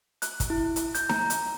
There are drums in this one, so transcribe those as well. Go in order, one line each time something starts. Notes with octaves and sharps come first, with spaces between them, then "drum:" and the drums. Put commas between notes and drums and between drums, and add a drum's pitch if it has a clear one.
F#6, drum: hi-hat
drum: kick, hi-hat
E4
drum: hi-hat
G6, drum: hi-hat
A#5, drum: snare D#4
drum: hi-hat